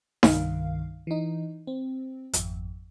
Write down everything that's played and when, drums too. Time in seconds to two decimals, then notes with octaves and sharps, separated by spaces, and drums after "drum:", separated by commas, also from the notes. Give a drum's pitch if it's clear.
0.23 C2 G2 D#3 F5, drum: snare D#4
1.07 E3 D#4
1.67 C4
2.33 G#1 F2, drum: hi-hat